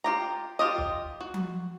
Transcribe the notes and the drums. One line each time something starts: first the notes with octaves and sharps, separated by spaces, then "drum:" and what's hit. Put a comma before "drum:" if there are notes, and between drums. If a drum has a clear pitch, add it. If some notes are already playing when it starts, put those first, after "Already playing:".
F4 G4 A#5
F4 G4 D#5
drum: kick
F#4
drum: tom F3